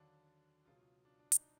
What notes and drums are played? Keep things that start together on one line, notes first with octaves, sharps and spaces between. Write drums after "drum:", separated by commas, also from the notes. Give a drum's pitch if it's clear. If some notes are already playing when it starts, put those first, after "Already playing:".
Already playing: D#2 D3 F#3 D4
C#2 B2 F#3 F4
F4
D4
D4
D#4, drum: hi-hat